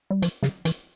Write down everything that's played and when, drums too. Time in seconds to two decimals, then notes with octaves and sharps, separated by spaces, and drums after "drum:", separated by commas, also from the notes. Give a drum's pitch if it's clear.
0.11 G3
0.22 F3, drum: hi-hat
0.43 C#3, drum: snare
0.65 E3, drum: hi-hat